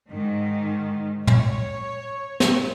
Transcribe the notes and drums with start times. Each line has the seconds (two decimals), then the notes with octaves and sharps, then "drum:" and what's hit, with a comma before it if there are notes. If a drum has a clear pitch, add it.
0.11 G#2 D#3
1.27 C#5, drum: tom
2.40 drum: snare